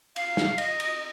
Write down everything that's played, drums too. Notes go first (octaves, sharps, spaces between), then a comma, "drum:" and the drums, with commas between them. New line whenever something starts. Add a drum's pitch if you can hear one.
F5, drum: cymbal
drum: snare
D#5, drum: cymbal
drum: cymbal